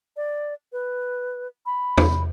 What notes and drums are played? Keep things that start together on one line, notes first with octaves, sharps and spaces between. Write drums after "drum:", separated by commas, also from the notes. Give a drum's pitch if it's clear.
D5
B4
B5
drum: tom E2